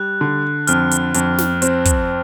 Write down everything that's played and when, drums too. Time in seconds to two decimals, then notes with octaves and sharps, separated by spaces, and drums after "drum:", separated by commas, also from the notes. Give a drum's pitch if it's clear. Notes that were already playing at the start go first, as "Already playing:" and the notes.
Already playing: G3 F#6
0.21 D3
0.67 F2 F6, drum: hi-hat
0.91 drum: hi-hat
1.14 F2, drum: hi-hat
1.38 drum: snare
1.62 C4, drum: hi-hat
1.85 drum: kick, hi-hat